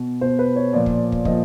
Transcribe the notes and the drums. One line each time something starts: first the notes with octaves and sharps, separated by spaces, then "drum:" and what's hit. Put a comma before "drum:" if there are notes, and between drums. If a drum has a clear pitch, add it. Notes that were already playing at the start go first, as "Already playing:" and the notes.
Already playing: B2
B2 C5
B4
C#5
A#2 F3 D5
drum: kick
drum: kick
A#2 F3 D#5, drum: kick